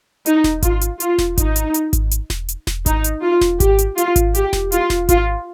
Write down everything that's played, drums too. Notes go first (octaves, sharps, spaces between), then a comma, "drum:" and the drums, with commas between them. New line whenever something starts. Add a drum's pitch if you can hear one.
D#4, drum: hi-hat
drum: snare E1
F4, drum: kick G#1, hi-hat
drum: hi-hat
F4, drum: hi-hat
drum: snare E1
D#4, drum: kick G#1, hi-hat
drum: hi-hat
drum: hi-hat
drum: kick G#1, hi-hat
drum: hi-hat
drum: snare E1
drum: hi-hat
drum: snare E1
D#4, drum: kick G#1, hi-hat
drum: hi-hat
F4
drum: snare E1
G4, drum: kick G#1, hi-hat
drum: hi-hat
F4, drum: hi-hat
drum: kick G#1, hi-hat
G4, drum: hi-hat
drum: snare E1
F4, drum: hi-hat
drum: snare E1
F4, drum: kick G#1, hi-hat